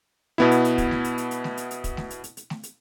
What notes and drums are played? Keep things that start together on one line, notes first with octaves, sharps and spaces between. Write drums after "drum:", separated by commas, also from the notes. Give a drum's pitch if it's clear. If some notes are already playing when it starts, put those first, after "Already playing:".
B2 B3 E4, drum: snare A3
drum: hi-hat
drum: hi-hat
drum: kick, hi-hat
drum: snare A3
drum: hi-hat
drum: hi-hat
drum: hi-hat
drum: snare A3
drum: hi-hat
drum: hi-hat
drum: kick, hi-hat
drum: snare A3
drum: hi-hat
drum: hi-hat
drum: hi-hat
drum: snare A3
drum: hi-hat